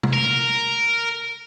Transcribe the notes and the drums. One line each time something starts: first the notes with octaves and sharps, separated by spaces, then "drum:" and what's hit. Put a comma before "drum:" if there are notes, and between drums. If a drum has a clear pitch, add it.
drum: tom
A#4